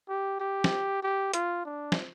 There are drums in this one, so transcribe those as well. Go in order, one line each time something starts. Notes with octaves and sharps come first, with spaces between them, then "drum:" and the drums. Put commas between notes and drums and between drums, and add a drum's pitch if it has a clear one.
G4
G4
drum: snare
G4
F4, drum: hi-hat
D4
drum: snare